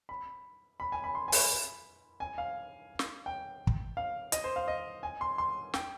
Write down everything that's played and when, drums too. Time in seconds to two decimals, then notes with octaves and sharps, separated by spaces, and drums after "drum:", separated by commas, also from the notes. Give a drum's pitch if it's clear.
0.09 B5
0.80 B5
0.92 G#5
1.04 B5
1.15 C6
1.28 G#5
1.32 B5, drum: open hi-hat
2.20 G#5
2.38 F5
2.99 drum: snare
3.26 G5
3.67 drum: kick
3.97 F5
4.32 D#5, drum: hi-hat
4.44 C5
4.56 F5
4.68 D#5
5.03 G#5
5.21 C6
5.38 C6
5.74 G5, drum: snare